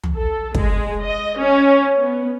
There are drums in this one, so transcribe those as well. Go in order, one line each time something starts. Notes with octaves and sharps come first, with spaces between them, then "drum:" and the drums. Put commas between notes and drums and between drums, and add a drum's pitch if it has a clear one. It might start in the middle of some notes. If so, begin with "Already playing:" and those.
drum: tom
A4
G#3, drum: kick
D#5
C#4
B3